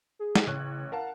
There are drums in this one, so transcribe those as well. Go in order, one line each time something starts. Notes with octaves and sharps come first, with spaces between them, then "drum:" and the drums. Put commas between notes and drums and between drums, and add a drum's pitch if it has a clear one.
G#4
drum: snare
A1 C#3 C#5 F#6
A#4 F5 F#5 A5